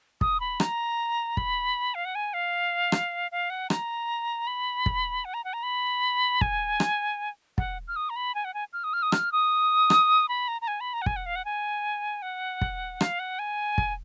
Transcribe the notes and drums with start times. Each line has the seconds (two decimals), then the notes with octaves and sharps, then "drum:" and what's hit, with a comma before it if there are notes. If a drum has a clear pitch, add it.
0.21 D#6, drum: kick
0.40 B5
0.60 A#5, drum: rim click
1.37 B5, drum: kick
1.95 F5
2.05 F#5
2.15 G#5
2.34 F5
2.92 drum: rim click
3.32 F5
3.50 F#5
3.70 A#5, drum: rim click
4.47 B5
4.86 drum: kick
5.25 F#5
5.34 A#5
5.44 F#5
5.53 A#5
5.63 B5
6.41 G#5, drum: kick
6.80 drum: rim click
7.58 F#5, drum: kick
7.88 F6
7.96 D#6
8.10 A#5
8.16 B5
8.35 G#5
8.45 F#5
8.54 G#5
8.73 F6
8.84 D#6
8.93 F6
9.03 D#6
9.12 F6, drum: rim click
9.32 D#6
9.90 drum: rim click
10.29 B5
10.48 A#5
10.62 A#5
10.68 G#5
10.81 B5
10.93 A#5
11.02 F#5
11.06 G#5, drum: kick
11.16 F#5
11.26 F5
11.36 F#5
11.45 G#5
12.22 F#5
12.61 drum: kick
13.01 F5, drum: rim click
13.19 F#5
13.39 G#5
13.78 drum: kick